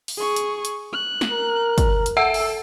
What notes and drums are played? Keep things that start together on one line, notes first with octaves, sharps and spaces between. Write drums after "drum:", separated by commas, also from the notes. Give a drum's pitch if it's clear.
drum: open hi-hat
G#4 C#6
drum: hi-hat
drum: hi-hat
F#6
drum: snare
A#4
drum: kick, hi-hat
drum: hi-hat
A4 E5 F#5 E6
drum: open hi-hat